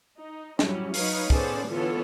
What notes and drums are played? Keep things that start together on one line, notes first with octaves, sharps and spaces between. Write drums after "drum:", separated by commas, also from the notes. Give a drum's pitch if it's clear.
D#4
F#3 G3 C#4 E4 F#4, drum: snare
F#3 D#4 B4 C#5 F5, drum: open hi-hat
B3 C#4 G#4 A4 C5 D5, drum: kick
D3 E3 B3 F4 A4 C#5